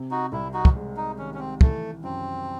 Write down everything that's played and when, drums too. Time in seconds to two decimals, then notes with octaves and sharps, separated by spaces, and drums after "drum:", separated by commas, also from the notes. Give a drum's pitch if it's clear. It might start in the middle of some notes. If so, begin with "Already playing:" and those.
Already playing: C3
0.11 D#4 F#4
0.32 C2 E4
0.54 D#4 F#4
0.65 drum: kick
0.76 G#3
0.97 D#4
1.18 D#3 C#4
1.34 C#4
1.39 C4
1.61 E3 A3, drum: kick
2.03 F#2 C4